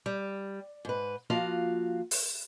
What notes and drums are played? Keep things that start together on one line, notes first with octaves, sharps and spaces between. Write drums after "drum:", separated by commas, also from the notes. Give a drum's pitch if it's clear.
G3
G#2 B4
F3 A#3 F4 F#4 F5
drum: open hi-hat